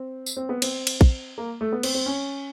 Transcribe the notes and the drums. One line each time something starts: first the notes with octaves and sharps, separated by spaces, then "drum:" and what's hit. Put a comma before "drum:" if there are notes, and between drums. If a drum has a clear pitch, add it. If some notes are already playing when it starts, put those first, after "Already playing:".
Already playing: C4
drum: tambourine
C4
B3
C4, drum: cymbal
drum: cymbal
drum: kick
A#3
A3
B3
C4, drum: cymbal
C4
C#4